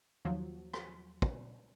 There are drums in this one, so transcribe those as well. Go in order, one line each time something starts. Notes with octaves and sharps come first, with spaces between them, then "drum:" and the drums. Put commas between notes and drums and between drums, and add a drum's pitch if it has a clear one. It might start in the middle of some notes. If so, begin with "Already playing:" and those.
D#2 F3 F#3
drum: rim click
drum: kick